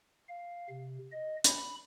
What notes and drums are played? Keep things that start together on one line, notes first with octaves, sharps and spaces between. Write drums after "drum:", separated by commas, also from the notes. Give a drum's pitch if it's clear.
F5
C3
D#5
B5, drum: hi-hat